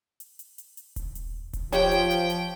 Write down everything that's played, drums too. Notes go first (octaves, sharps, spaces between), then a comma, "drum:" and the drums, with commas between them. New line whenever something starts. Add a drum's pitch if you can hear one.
drum: hi-hat
drum: hi-hat
drum: hi-hat
drum: hi-hat
drum: kick D#1, hi-hat
drum: hi-hat
drum: kick D#1, hi-hat
F3 G4 C#5 G5, drum: hi-hat
drum: hi-hat
drum: hi-hat
drum: hi-hat